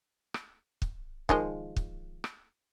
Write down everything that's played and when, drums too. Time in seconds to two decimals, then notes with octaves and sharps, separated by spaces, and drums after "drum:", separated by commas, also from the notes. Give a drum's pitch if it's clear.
0.34 drum: rim click
0.82 drum: kick
1.29 D#3 F3 G#3, drum: kick
1.76 drum: kick
2.24 drum: rim click